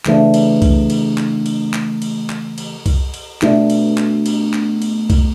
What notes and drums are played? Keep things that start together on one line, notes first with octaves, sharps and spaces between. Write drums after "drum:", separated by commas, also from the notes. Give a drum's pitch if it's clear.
C#3 E3 A3 D4, drum: clap
drum: cymbal
drum: kick C2, cymbal
drum: cymbal
drum: clap
drum: cymbal
drum: clap
drum: cymbal
drum: clap
drum: cymbal
drum: kick C2, cymbal
drum: cymbal
B2 A3 D4, drum: clap
drum: cymbal
drum: clap
drum: cymbal
drum: clap
drum: cymbal
drum: kick C2, cymbal